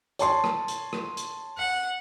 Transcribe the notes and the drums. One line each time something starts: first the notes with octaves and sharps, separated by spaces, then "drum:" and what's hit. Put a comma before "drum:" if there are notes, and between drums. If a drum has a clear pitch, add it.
C#5 A5 C6, drum: hi-hat
drum: rim click
drum: hi-hat
drum: rim click
drum: hi-hat
F#5